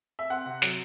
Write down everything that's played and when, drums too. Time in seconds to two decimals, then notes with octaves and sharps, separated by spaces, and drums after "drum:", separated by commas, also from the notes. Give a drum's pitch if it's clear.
0.19 E5
0.30 C4 F#5
0.46 C3
0.62 F#3, drum: snare